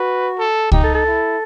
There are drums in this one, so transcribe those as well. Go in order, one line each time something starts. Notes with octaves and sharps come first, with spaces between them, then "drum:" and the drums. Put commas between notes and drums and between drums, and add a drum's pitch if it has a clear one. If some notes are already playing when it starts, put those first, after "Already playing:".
Already playing: F#4 B4
A4
D#4 G4, drum: kick C#2
A4
A4
E4